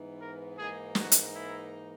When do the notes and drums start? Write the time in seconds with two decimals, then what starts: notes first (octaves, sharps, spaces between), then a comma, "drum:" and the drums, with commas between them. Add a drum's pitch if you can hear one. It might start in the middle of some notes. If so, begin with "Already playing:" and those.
Already playing: G#2 E3 B3 D#4
0.20 A#4
0.58 G#2 E3 A#3 D#4 G#4
0.95 F#4, drum: snare
1.12 drum: hi-hat
1.34 E4